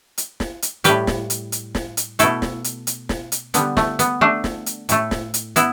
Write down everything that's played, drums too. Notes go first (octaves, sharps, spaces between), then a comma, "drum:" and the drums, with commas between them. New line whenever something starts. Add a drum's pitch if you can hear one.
drum: hi-hat
drum: snare
drum: hi-hat
A2 G3 G4 B4, drum: hi-hat
drum: snare
drum: hi-hat
drum: hi-hat
drum: snare
drum: hi-hat
B2 A3 E4 A4, drum: hi-hat
drum: snare
drum: hi-hat
drum: hi-hat
drum: snare
drum: hi-hat
D3 G3 B3, drum: hi-hat
A3, drum: snare
B3, drum: hi-hat
A3 D4
drum: snare
drum: hi-hat
A2 A3, drum: hi-hat
drum: snare
drum: hi-hat
B3 E4, drum: hi-hat